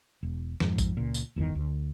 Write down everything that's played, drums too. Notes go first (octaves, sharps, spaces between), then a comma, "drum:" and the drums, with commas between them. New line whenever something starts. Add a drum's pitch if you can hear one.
E1
F2 G#2, drum: snare
drum: kick A1, tambourine
C#2 A#2
drum: tambourine
G1 E2 D3 D#3
D2